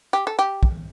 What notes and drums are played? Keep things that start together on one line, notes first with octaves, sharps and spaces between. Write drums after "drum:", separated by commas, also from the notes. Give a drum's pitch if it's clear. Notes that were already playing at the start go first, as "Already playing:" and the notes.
G4
A4
G4
drum: kick